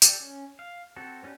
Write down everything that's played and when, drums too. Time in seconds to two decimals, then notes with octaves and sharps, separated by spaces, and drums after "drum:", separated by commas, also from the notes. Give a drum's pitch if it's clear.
0.02 G4 A4 D5, drum: tambourine
0.20 C#4
0.59 F5
0.96 C4 F#4 A4
1.23 B3 C#4 D4 G4 B4